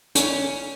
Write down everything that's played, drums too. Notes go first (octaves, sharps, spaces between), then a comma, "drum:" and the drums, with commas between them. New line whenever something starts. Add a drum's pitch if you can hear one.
C#4, drum: hi-hat